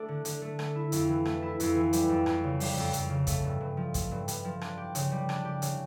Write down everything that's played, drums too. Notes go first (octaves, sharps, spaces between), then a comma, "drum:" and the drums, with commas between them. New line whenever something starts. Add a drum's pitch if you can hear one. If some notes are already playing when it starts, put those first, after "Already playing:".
Already playing: A3 D4
D3
D3, drum: hi-hat
A3
A3, drum: rim click
E4
F2, drum: hi-hat
E3
A3, drum: rim click
E4
F2, drum: hi-hat
E3
G3, drum: hi-hat
F2
F2, drum: rim click
C#3
G3, drum: open hi-hat
F2
F2, drum: hi-hat
C#3
A3, drum: kick, hi-hat
G2
G2
F3
A3, drum: kick, hi-hat
G2
G2, drum: hi-hat
F3
D4, drum: rim click
G4
C#3, drum: hi-hat
G3
D4, drum: rim click
G4
C#3, drum: hi-hat